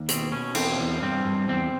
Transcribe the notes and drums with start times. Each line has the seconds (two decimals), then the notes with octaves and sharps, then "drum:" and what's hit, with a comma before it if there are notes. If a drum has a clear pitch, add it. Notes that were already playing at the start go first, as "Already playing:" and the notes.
Already playing: D#2
0.08 B2 C4, drum: hi-hat
0.32 B2 C#4
0.55 E2 C4, drum: cymbal
0.79 E2
1.02 G2 C4
1.25 G2
1.49 E2 C4